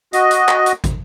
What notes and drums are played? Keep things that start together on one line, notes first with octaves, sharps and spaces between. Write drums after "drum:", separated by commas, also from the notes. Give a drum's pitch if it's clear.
F#4 D#5, drum: hi-hat
drum: hi-hat
drum: clap
drum: hi-hat
drum: kick, hi-hat